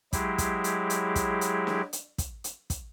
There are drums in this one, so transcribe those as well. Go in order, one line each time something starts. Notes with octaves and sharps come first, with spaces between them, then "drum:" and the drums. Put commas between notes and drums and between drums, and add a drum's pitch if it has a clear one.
F#3 G#3 E4 G4 G#4, drum: kick, hi-hat
drum: kick, hi-hat
drum: hi-hat
drum: hi-hat
drum: kick, hi-hat
drum: hi-hat
drum: snare
drum: hi-hat
drum: kick, hi-hat
drum: hi-hat
drum: kick, hi-hat